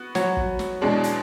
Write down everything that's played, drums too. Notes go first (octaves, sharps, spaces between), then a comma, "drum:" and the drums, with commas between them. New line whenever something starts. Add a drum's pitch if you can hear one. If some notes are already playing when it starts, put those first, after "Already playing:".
Already playing: B3 F#4
F#3, drum: snare
drum: kick
drum: snare
E2 B2 G#3 D4
drum: hi-hat